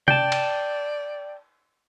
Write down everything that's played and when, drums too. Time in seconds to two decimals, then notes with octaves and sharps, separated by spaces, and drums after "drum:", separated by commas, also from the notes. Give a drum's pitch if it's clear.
0.08 D5 G5 A5, drum: tom C3
0.32 drum: cymbal